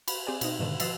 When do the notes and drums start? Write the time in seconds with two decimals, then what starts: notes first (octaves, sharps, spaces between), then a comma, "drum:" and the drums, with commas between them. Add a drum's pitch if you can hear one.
0.08 B5, drum: cymbal
0.27 C4 G4 G#4 D5 G#5
0.41 B2 C4 D#4, drum: cymbal
0.59 G#2 B2 D3 D#3
0.80 F3 B4 D#5 E6 A6 C7, drum: cymbal